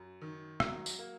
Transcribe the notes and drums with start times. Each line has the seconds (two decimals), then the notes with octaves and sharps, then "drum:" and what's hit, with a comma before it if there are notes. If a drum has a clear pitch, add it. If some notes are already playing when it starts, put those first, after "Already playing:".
Already playing: F#2
0.22 D#3
0.60 F#3, drum: rim click
0.86 drum: tambourine
0.99 A#3